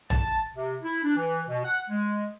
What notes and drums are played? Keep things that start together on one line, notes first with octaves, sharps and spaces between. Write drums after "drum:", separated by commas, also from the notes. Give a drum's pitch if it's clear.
A5, drum: tom A#1
C3
E4
D4
E3
B2
F#5
G#3